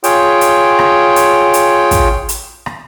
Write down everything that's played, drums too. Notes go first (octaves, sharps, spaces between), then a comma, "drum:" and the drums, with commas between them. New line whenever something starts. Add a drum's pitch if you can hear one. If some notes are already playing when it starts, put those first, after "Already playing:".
F4 G#4 C#5 G5, drum: hi-hat
drum: hi-hat
drum: rim click
drum: hi-hat
drum: hi-hat
drum: kick, hi-hat
drum: hi-hat
drum: rim click